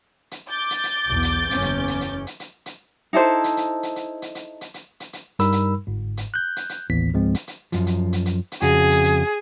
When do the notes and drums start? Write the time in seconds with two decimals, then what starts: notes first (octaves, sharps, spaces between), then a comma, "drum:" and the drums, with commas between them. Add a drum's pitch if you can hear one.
0.31 drum: hi-hat
0.49 D6 G6 A6
0.70 drum: hi-hat
0.84 drum: hi-hat
1.06 B1 E2
1.23 drum: hi-hat
1.51 F#1 E2 C#4, drum: hi-hat
1.62 drum: hi-hat
1.88 drum: hi-hat
2.01 drum: hi-hat
2.27 drum: hi-hat
2.40 drum: hi-hat
2.66 drum: hi-hat
3.13 D#4 E4 A4 C5
3.44 drum: hi-hat
3.57 drum: hi-hat
3.83 drum: hi-hat
3.96 drum: hi-hat
4.22 drum: hi-hat
4.35 drum: hi-hat
4.61 drum: hi-hat
4.74 drum: hi-hat
5.00 drum: hi-hat
5.13 drum: hi-hat
5.39 G2 G3 D#4 A#4 B5 E6, drum: hi-hat
5.52 drum: hi-hat
5.87 G1 G#2
6.17 drum: hi-hat
6.34 F#6 G6
6.56 drum: hi-hat
6.69 drum: hi-hat
6.90 A1 D#2 A2 E3 B3 B6
7.14 C#2 G#2 F3 G#3 C4
7.35 drum: hi-hat
7.48 drum: hi-hat
7.72 F#2 F3, drum: hi-hat
7.87 drum: hi-hat
8.13 drum: hi-hat
8.26 drum: hi-hat
8.52 drum: hi-hat
8.62 F2 C#3 F#4 G#4, drum: hi-hat
8.91 drum: hi-hat
9.04 drum: hi-hat